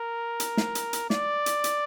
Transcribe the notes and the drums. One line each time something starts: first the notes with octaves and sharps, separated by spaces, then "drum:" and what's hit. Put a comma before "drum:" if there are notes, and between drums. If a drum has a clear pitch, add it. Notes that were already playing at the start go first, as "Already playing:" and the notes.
Already playing: A#4
drum: hi-hat
drum: snare
drum: hi-hat
drum: hi-hat
D5, drum: snare
drum: hi-hat
drum: hi-hat